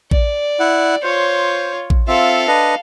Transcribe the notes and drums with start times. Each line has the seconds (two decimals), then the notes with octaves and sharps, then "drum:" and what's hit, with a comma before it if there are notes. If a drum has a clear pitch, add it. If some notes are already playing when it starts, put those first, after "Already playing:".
0.11 D5, drum: kick A1
0.60 E4 F#5
1.02 F4 C5 C#5
1.90 drum: kick A1
2.08 C4 F4 A4 E5 F5
2.48 D4 B4 D#5